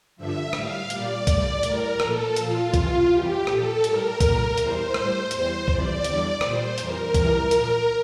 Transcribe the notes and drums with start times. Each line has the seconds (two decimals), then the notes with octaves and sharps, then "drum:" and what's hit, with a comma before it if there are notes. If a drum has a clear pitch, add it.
0.16 G2 D3 F3 E5
0.53 A2 G3 F5, drum: rim click
0.90 A#2 G3 D5, drum: hi-hat
1.27 A2 G3, drum: kick B1, hi-hat
1.63 A2 G3 A#4, drum: hi-hat
2.00 A#2 F3 A4, drum: rim click
2.36 A#2 F3 F4, drum: hi-hat
2.74 F2 C3 E3, drum: kick B1, hi-hat
3.11 F2 E3 G3 G4
3.47 A#2 F3 A4, drum: rim click
3.84 A2 G3 A#4, drum: hi-hat
4.21 A#2 G3, drum: kick B1, hi-hat
4.58 E2 E3 G3 C5, drum: hi-hat
4.94 A2 G3, drum: rim click
5.31 E2 E3 G3 C5, drum: hi-hat
5.68 F2 E3 G3 D5, drum: kick B1
6.04 E2 D3 G3, drum: hi-hat
6.41 A#2 G3 C5, drum: rim click
6.78 F2 E3 G3 A#4, drum: hi-hat
7.14 F2 E3 G3, drum: kick B1, hi-hat
7.51 A#2 F3, drum: hi-hat